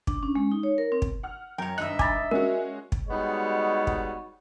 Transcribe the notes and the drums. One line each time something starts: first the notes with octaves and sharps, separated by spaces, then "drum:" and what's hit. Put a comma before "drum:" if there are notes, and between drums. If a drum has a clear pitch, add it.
D4, drum: kick
C#4
G#3
D#4
C#5
A#4
C4
drum: kick
F#5 F6
F#2 A#4 C#5 G5
G#1 G2 D#4 D#5 E5 F#6
G#5 A#5 B5 D6 A6, drum: kick
G#3 C#4 F#4 A#4
drum: kick
G3 G#3 B3 D#4 F#4 C#5
drum: kick